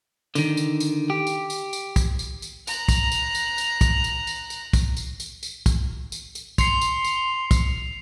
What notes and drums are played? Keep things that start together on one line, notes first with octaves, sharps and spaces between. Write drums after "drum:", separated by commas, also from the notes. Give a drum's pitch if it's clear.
D3 D#3, drum: tambourine
drum: tambourine
drum: tambourine
G4
drum: tambourine
drum: tambourine
drum: tambourine
drum: kick, tambourine
drum: tambourine
drum: tambourine
A#5 F#6, drum: tambourine
drum: kick, tambourine
drum: tambourine
drum: tambourine
drum: tambourine
drum: kick, tambourine
drum: tambourine
drum: tambourine
drum: tambourine
drum: kick, tambourine
drum: tambourine
drum: tambourine
drum: tambourine
drum: kick, tambourine
drum: tambourine
drum: tambourine
C6 C7 C#7 F7, drum: kick, tambourine
drum: tambourine
drum: tambourine
drum: kick, tambourine